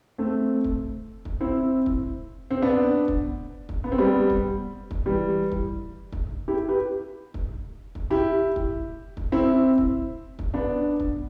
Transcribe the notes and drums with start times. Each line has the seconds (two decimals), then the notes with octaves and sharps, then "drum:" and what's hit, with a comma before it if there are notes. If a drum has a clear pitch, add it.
0.18 A3 C4
0.64 drum: kick
1.25 drum: kick
1.41 C4 E4
1.86 drum: kick
2.51 C4
2.62 B3 D4
3.08 drum: kick
3.69 drum: kick
3.84 B3
3.92 C4
3.98 G3 B3
4.30 drum: kick
4.91 drum: kick
5.06 E3 G3
5.52 drum: kick
6.12 drum: kick
6.48 E4 G4
6.69 G4 B4
7.34 drum: kick
7.95 drum: kick
8.10 E4 G4
8.56 drum: kick
9.17 drum: kick
9.32 C4 E4
9.78 drum: kick
10.39 drum: kick
10.54 B3 D4
11.00 drum: kick